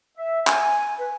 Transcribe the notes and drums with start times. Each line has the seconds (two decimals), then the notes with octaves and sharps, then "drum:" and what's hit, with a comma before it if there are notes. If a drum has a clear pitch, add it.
0.18 E5
0.47 G#5, drum: clap
1.00 B4